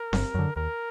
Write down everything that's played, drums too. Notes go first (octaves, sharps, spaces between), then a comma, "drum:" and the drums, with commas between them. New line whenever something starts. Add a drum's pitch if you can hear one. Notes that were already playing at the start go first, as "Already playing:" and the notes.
Already playing: A#4
G1, drum: snare C4
F#2 D3
D#2 A#4